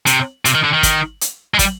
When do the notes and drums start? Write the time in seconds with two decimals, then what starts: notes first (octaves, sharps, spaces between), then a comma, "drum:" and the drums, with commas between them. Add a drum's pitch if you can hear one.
0.06 C3, drum: hi-hat
0.45 C3, drum: hi-hat
0.55 D#3
0.64 D3
0.73 D#3
0.83 drum: kick, hi-hat
1.21 drum: hi-hat
1.54 G#3
1.59 G3, drum: kick, hi-hat